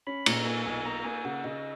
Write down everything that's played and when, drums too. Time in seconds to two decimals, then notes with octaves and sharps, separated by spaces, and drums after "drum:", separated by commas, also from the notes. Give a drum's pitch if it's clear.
0.07 C#4 B5
0.26 A#2 A#5, drum: cymbal
0.45 A#3 G#5
0.66 B1 G#5
0.85 A#3 A#5
1.05 A#3 G#5
1.25 C#3 F#5
1.44 C#3 D#5